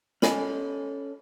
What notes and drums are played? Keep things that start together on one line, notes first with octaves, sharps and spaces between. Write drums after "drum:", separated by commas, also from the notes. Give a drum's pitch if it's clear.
C#4 A4 D#5 G#5 B5, drum: snare